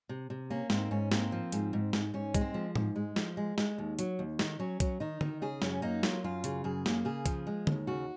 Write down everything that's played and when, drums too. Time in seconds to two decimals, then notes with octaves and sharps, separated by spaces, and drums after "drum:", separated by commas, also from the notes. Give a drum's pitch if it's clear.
0.09 C3
0.30 C3
0.50 A#3 C#4
0.70 G#2 C4, drum: snare
0.91 G#2 C#4
1.12 A#3 C4, drum: snare
1.32 F3
1.52 G#2, drum: hi-hat
1.73 G#2
1.93 G#2, drum: snare
2.14 G#2 C#4
2.34 G#3, drum: kick, hi-hat
2.41 C4
2.54 F3
2.75 G#2, drum: tom A2
2.96 G#3
3.16 F3, drum: snare
3.37 G#3
3.58 G#3, drum: snare
3.78 D#2
3.99 F#3, drum: hi-hat
4.19 D#2
4.39 D#3, drum: snare
4.60 F#3 C#4
4.80 F#3, drum: kick, hi-hat
5.00 D#3 D#4
5.21 D#3, drum: tom D3
5.42 C#3 G#4
5.62 F#2 C#4, drum: snare
5.82 A#3 D#4
6.03 F#3 F4, drum: snare
6.24 F#2 F4
6.44 C#3, drum: hi-hat
6.64 F#2 G#4
6.86 A#3, drum: snare
7.05 C#3 G#4
7.26 F3, drum: kick, hi-hat
7.47 G#3
7.67 D#2, drum: tom D3
7.87 C#3 F#4